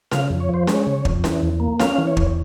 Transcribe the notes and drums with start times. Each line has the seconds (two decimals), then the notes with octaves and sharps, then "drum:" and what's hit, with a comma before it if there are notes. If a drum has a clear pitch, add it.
0.12 C#3 F5, drum: snare C#4
0.30 F2
0.40 C#5
0.49 F3 C5
0.67 G#3 C#5, drum: snare C#4
0.87 C#3
1.05 F2, drum: kick
1.24 E3, drum: snare C#4
1.42 E2
1.60 A#3
1.80 C#4 F5, drum: snare C#4
1.98 E3
2.07 C#5
2.17 E2, drum: kick